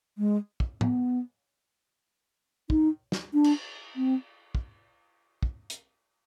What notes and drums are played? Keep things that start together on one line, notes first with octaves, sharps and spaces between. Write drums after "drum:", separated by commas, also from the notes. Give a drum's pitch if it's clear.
G#3
drum: kick
B3, drum: tom A2
D#4, drum: kick
drum: snare
D4
drum: cymbal
C4
drum: kick
drum: kick
drum: hi-hat